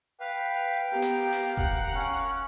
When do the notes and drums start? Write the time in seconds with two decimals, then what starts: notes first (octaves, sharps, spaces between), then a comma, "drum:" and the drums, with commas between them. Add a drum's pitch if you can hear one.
0.20 B4 F5 G5
0.92 B3 G4 A#4 F5
1.02 drum: hi-hat
1.33 drum: open hi-hat
1.57 F#5, drum: kick E1
1.95 C#4